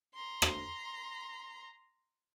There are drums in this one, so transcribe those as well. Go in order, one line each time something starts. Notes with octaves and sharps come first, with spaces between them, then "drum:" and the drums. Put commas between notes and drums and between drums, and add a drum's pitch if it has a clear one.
A#5 C6
drum: rim click